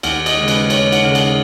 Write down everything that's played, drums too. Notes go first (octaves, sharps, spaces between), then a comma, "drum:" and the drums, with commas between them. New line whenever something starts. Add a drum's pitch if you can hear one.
D#2 F#5, drum: cymbal
D#5, drum: cymbal
G#3
C#3
B4, drum: cymbal
D#2 C#5, drum: cymbal
F#5, drum: cymbal
C#3 G#3
F#5, drum: cymbal